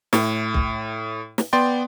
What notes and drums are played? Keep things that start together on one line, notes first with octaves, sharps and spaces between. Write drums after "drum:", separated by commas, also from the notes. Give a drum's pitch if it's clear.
A2, drum: snare
drum: kick B1
drum: snare
B3 D5 G5 C6 A6